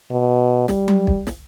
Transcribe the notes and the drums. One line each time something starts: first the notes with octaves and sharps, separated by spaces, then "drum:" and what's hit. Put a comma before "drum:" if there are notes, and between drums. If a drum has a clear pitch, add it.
B2
G3, drum: snare
drum: tom F#3
drum: kick
drum: snare